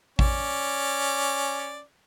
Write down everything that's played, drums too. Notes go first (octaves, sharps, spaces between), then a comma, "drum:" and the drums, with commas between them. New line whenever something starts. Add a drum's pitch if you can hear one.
C#4 D5, drum: kick A1